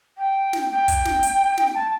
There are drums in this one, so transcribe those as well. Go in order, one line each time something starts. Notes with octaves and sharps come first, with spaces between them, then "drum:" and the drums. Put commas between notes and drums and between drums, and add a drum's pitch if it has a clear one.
G5
drum: snare
G5
drum: kick, hi-hat
drum: snare
drum: hi-hat
drum: snare
A5